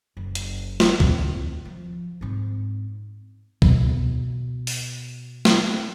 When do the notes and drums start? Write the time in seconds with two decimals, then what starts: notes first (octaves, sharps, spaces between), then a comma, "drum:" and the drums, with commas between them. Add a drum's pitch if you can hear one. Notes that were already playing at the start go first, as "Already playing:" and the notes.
0.17 F#1
0.35 drum: hi-hat
0.80 drum: snare
1.00 D#2 C4, drum: kick
1.65 F3
2.21 G#2 C4
3.62 B2 B3, drum: kick
4.67 drum: open hi-hat
5.45 drum: snare